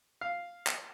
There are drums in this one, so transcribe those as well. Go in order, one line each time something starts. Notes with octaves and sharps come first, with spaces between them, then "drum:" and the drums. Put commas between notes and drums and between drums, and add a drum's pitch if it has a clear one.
F5
drum: clap